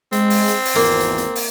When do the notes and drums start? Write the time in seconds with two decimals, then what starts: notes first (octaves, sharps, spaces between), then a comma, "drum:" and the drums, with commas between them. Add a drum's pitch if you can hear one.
0.12 G#3 C4, drum: hi-hat
0.30 drum: open hi-hat
0.48 drum: hi-hat
0.65 drum: open hi-hat
0.76 G#1 E2 A#3
1.00 drum: hi-hat
1.18 drum: hi-hat
1.35 drum: open hi-hat